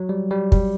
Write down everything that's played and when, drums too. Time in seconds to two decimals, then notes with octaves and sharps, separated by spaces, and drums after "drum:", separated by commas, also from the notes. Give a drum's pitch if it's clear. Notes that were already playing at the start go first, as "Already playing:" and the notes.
Already playing: F#3
0.09 G3
0.31 G3
0.52 G3, drum: kick